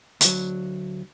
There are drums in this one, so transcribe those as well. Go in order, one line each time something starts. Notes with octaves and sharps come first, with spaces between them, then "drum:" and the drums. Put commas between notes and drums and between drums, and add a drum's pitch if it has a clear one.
D2 F#3, drum: hi-hat